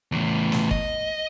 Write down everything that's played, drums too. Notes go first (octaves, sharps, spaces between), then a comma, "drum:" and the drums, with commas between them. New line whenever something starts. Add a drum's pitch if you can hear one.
E2 A2
drum: snare
D#5, drum: kick